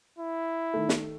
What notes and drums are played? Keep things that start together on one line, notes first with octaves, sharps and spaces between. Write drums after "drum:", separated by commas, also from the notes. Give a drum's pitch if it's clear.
E4
D#3 A3
drum: snare